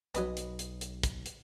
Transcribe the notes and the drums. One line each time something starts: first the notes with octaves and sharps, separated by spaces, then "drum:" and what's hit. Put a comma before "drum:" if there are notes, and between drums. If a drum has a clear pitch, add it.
B1 F#3 C4 B4 D#5, drum: hi-hat
drum: hi-hat
drum: hi-hat
drum: hi-hat
drum: kick, hi-hat
drum: hi-hat